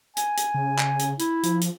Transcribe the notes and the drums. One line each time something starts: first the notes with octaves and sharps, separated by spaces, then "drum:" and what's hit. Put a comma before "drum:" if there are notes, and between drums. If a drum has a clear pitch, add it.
G#5, drum: hi-hat
drum: hi-hat
C#3
drum: clap
drum: hi-hat
E4, drum: hi-hat
F3, drum: hi-hat
drum: hi-hat